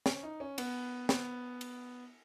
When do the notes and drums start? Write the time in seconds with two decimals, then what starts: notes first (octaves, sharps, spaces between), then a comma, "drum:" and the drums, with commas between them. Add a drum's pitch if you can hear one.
0.06 C#4, drum: snare
0.23 D#4
0.40 C#4
0.58 B3, drum: cymbal
1.09 B3, drum: snare
1.61 drum: cymbal